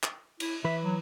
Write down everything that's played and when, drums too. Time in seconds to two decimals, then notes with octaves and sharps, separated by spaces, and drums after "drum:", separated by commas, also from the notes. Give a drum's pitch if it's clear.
0.03 drum: clap
0.40 E4, drum: cymbal
0.64 E3 B4 E5
0.84 F#3